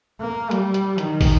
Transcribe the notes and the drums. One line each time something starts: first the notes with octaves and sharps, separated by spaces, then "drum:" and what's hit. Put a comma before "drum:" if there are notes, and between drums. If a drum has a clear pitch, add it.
A#3
G3, drum: hi-hat
drum: hi-hat
D#3, drum: hi-hat
drum: kick, open hi-hat